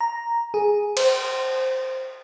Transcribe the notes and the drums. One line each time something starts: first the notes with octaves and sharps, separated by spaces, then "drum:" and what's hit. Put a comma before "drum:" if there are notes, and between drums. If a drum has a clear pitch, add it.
A#5
G#4
C5, drum: cymbal